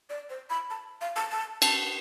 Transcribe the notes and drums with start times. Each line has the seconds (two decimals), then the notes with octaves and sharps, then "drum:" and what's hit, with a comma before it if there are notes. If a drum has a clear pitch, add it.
0.10 D5
0.30 C5
0.50 B5
0.70 A5
1.01 F5
1.16 A5
1.31 A5
1.62 A5, drum: cymbal